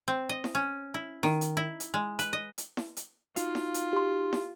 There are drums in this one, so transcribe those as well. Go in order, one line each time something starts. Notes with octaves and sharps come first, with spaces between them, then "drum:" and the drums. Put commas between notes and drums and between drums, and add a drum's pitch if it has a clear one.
C4
D#5
drum: snare E4
C#4
E4
D#3, drum: snare E4
drum: hi-hat
E4
drum: hi-hat
G#3
B4, drum: hi-hat
D#5
drum: hi-hat
drum: snare E4
drum: hi-hat
D#4 F4 F#4 F5, drum: hi-hat
drum: snare E4
drum: hi-hat
G4 C6
drum: snare E4